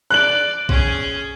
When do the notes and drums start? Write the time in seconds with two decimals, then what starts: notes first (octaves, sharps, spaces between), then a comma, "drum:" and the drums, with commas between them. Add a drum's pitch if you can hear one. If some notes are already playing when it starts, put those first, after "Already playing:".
0.10 D5 F#6 F#7
0.69 C#4 G#4, drum: kick B1